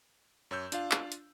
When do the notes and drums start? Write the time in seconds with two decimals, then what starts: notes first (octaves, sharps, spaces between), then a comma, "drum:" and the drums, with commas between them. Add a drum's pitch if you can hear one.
0.51 F#2 C#5 E6 G6
0.72 D4 F4 F5, drum: hi-hat
0.91 drum: clap
1.12 drum: hi-hat